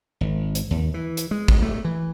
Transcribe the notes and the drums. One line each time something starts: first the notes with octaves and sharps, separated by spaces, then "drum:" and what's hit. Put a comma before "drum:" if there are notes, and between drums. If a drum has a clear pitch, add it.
G#1
drum: hi-hat
D#2
E3
drum: hi-hat
G#3
drum: kick
A3
E3